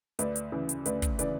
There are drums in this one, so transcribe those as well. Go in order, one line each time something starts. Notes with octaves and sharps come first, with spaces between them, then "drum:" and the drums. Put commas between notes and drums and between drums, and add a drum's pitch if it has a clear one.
D2 B4 D5, drum: hi-hat
drum: hi-hat
C#3 E3
drum: hi-hat
D2 B4 D5, drum: hi-hat
drum: kick, hi-hat
C#3 E3 B4 D5, drum: hi-hat